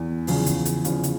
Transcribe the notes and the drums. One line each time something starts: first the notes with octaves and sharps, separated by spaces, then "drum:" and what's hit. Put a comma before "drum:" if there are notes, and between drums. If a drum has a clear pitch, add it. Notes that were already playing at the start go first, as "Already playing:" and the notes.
Already playing: E2
E2 C#3 F3, drum: open hi-hat
drum: kick, hi-hat
drum: hi-hat
E2 C#3 F3, drum: hi-hat
drum: hi-hat